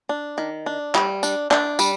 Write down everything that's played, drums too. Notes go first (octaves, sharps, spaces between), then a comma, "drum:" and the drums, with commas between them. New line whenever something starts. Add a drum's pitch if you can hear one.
D4
D#3
D4
G3, drum: clap
D4, drum: tambourine
D4, drum: clap
G3, drum: tambourine